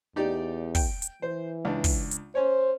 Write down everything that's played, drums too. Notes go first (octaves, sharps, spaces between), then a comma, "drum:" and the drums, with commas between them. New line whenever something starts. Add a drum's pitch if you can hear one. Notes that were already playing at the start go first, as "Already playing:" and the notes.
E2 D#4 G4 D5
G5, drum: kick, open hi-hat
drum: hi-hat
E3 C5
C#2 D4
drum: kick, open hi-hat
drum: hi-hat
C#4 C5 C#5